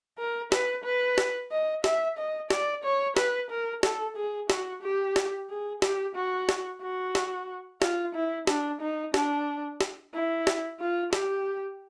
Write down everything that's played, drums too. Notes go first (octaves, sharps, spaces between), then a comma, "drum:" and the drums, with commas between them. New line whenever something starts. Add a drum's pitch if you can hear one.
A#4
B4, drum: snare
B4
drum: snare
D#5
E5, drum: snare
D#5
D5, drum: snare
C#5
B4, drum: snare
A#4
A4, drum: snare
G#4
F#4, drum: snare
G4
drum: snare
G#4
G4, drum: snare
F#4
drum: snare
F#4
drum: snare
F4, drum: snare
E4
D4, drum: snare
D#4
D4, drum: snare
drum: snare
E4
drum: snare
F4
G4, drum: snare